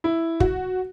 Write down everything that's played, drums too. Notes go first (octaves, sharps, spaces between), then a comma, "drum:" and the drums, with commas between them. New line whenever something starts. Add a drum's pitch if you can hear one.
E4
F#4, drum: kick